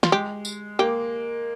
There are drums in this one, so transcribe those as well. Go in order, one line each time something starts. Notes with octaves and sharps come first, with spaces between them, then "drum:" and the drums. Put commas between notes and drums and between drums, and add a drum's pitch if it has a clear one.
F4, drum: snare
G#3 G4
drum: tambourine
A#3 G4